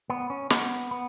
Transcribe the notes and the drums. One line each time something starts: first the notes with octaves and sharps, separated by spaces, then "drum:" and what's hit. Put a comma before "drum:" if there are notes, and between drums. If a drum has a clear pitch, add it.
B3
C#4
B3, drum: snare
B3